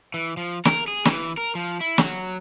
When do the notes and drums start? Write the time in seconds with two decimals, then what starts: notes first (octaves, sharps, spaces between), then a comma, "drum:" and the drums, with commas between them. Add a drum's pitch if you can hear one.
0.14 E3
0.37 F3
0.65 A#4, drum: snare
0.88 G#4
1.05 E3, drum: snare
1.37 A#4
1.55 F3
1.81 E4
1.98 F#3, drum: snare